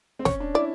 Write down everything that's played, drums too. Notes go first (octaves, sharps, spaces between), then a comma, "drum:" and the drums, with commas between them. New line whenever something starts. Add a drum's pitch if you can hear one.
C4
C#4 C#5, drum: snare
D4
E4 D5